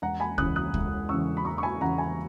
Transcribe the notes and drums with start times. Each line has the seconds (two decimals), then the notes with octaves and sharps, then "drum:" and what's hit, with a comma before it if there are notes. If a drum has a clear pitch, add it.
0.02 E1 F#5 A#5
0.20 G#5 B5
0.38 E2 C#3 D#6 F#6, drum: kick
0.56 D#6 F#6
0.74 E1, drum: kick
1.09 E2 C#3 C#6 E6
1.37 B5
1.45 E1 A#5 C#6
1.58 C#6
1.63 G#5 B5
1.80 E2 C#3 F#5 A#5
1.98 G#5 B5